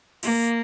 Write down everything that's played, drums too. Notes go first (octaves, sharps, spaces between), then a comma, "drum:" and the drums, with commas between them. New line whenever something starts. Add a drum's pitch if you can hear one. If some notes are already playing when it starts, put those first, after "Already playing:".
A#3, drum: open hi-hat